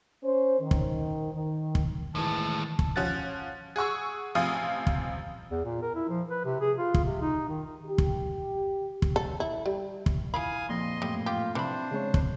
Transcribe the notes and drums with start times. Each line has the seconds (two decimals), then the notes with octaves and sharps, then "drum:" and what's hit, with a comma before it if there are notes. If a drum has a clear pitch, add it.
0.24 C#4 C5
0.60 D#3
0.71 drum: kick
1.33 D#3
1.75 drum: kick
2.15 A2 D#3 E3 G#3 A5
2.79 drum: kick
2.96 F3 C#4 F#5 F#6 A6
3.76 G#4 F#5 C#6 E6
4.35 A1 C3 F3 F5 G#5 D#6
4.87 drum: kick
5.51 E2
5.65 A#2
5.83 A#4
5.95 E4
6.09 F3
6.30 B4
6.45 C3
6.61 G#4
6.78 F4
6.94 drum: kick
7.04 C3
7.22 D#4
7.48 D#3
7.86 G4
7.98 drum: kick
9.02 drum: kick
9.16 A4
9.40 E4
9.66 G3
10.06 drum: kick
10.34 E4 F4 F5 G#5 B5 D#6
10.69 F2 A#2 D#5 C6
11.02 F#2 A2 G3 A3
11.26 F4 G4
11.55 C3 E3 D4 C5 B5
11.91 C#3 G#3 C#5
12.14 drum: kick